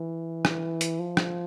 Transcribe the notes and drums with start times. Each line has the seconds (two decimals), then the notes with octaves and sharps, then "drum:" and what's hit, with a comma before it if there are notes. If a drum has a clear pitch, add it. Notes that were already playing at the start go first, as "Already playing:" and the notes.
Already playing: E3
0.45 drum: rim click
0.81 drum: hi-hat
0.99 F3
1.17 drum: rim click